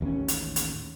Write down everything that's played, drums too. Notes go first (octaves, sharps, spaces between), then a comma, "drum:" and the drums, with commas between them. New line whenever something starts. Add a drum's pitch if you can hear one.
A1 D#2 A3 C#4
drum: hi-hat
drum: hi-hat